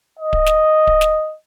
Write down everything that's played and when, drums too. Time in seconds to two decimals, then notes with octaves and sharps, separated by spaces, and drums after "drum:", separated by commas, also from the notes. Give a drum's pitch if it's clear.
0.19 D#5
0.33 drum: kick D1
0.46 drum: snare
0.87 drum: kick D1
1.01 drum: snare